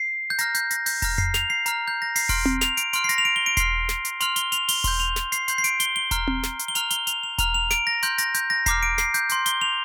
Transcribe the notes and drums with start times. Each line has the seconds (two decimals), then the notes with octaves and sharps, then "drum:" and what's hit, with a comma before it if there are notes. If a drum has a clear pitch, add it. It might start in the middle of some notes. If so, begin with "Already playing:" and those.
Already playing: C7
0.30 G6
0.39 A#5 F6 A#6, drum: hi-hat
0.55 G6, drum: hi-hat
0.71 A#6, drum: hi-hat
0.86 G6, drum: open hi-hat
1.02 A#5 F6 A#6, drum: kick E1, hi-hat
1.18 C7, drum: tom F2
1.34 F7, drum: snare
1.50 C7
1.66 A#5 F6, drum: hi-hat
1.88 G6
2.02 A#6
2.16 C7, drum: open hi-hat
2.29 C6 F6 D7, drum: kick E1, hi-hat
2.45 drum: tom C4
2.61 F7, drum: snare
2.77 D7, drum: hi-hat
2.93 C6 F6 D7, drum: hi-hat
3.04 C7
3.09 A#6, drum: hi-hat
3.18 F7
3.25 D7
3.36 G7
3.46 D7
3.57 C6 F6 C7, drum: kick E1, hi-hat
3.89 drum: snare
4.05 drum: hi-hat
4.20 C6 F6 F7, drum: hi-hat
4.36 G7, drum: hi-hat
4.52 F7, drum: hi-hat
4.69 G7, drum: open hi-hat
4.84 C6 G6 G7, drum: kick E1, hi-hat
5.00 F7
5.16 drum: snare
5.32 C7, drum: hi-hat
5.48 C6 G6 C7, drum: hi-hat
5.58 C7
5.64 D7, drum: hi-hat
5.80 G7, drum: hi-hat
5.96 G7
6.11 A#5 F6, drum: kick E1, hi-hat
6.27 drum: tom C4
6.43 drum: snare
6.59 drum: hi-hat
6.68 G7
6.75 A#5 F6 F7, drum: hi-hat
6.91 G7, drum: hi-hat
7.07 F7, drum: hi-hat
7.23 F7
7.38 A#5 F6 F7, drum: kick E1, hi-hat
7.54 F7
7.71 D7, drum: snare
7.87 A#6
8.03 C6 F6 G6, drum: hi-hat
8.18 A#6, drum: hi-hat
8.34 G6, drum: hi-hat
8.50 A#6
8.66 A#5 D6 F6 C7, drum: kick E1, hi-hat
8.83 D7
8.98 C7, drum: snare
9.14 G6, drum: hi-hat
9.29 C6 G6, drum: hi-hat
9.46 G7, drum: hi-hat
9.61 F7